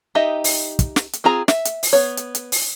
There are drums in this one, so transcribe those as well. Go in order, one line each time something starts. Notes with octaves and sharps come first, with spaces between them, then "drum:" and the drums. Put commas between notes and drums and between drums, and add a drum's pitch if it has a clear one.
D#4 G4 D#5 E5
drum: open hi-hat
drum: kick, hi-hat
drum: snare
drum: hi-hat
C4 F4 G#4 A#5
E5, drum: snare
drum: hi-hat
drum: open hi-hat
B3 C#5
drum: hi-hat
drum: hi-hat
drum: open hi-hat